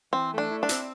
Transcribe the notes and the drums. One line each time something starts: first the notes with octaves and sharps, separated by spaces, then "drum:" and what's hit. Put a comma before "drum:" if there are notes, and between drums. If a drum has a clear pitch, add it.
E3 C4
A3
D4
E4
D4
C4, drum: hi-hat